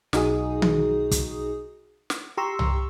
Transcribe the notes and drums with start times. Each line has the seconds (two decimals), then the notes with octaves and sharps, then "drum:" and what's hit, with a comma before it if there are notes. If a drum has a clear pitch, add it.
0.13 B1 D#4 F#4 G#4 D#6, drum: snare
0.62 drum: tom D#3
1.11 drum: kick, hi-hat
2.10 drum: snare
2.37 G4 A#5 C6 C#6 E6
2.59 drum: tom C2